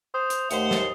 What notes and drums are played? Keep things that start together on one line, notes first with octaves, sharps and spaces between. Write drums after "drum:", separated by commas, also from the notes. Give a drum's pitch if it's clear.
C5 D#6
drum: hi-hat
D#2 A3 C5 F#5, drum: hi-hat
drum: snare